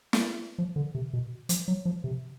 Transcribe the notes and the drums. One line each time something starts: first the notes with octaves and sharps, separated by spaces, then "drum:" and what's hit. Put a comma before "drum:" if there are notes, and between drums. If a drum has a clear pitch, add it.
drum: snare
F3
D3
C3
B2
F3, drum: hi-hat
F#3
F3
C3